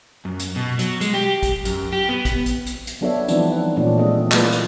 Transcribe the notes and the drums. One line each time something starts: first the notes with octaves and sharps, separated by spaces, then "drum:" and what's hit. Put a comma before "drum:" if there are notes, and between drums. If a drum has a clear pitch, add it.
F#2
drum: hi-hat
B2
F#3, drum: hi-hat
G#3, drum: hi-hat
G4
drum: kick A#1, hi-hat
F#2, drum: hi-hat
G4
B3
drum: kick A#1, hi-hat
drum: hi-hat
drum: hi-hat
drum: hi-hat
F#3 B3 D4 A4 C#5 E5
E3 F3 G3 C4 D4 D#4, drum: hi-hat
F#5
A#2 E3 A3 C#4 D4
G#3 C4 D4 A4 D#5
F#3 G#3 A#3 E4 F4 B4, drum: clap
drum: hi-hat